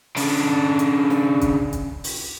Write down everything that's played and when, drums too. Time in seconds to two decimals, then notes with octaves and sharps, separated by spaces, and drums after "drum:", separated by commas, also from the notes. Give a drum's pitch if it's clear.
0.16 C#3 D4, drum: open hi-hat
0.79 drum: hi-hat
1.10 drum: snare
1.41 drum: kick, hi-hat
1.73 drum: kick, hi-hat
2.04 drum: open hi-hat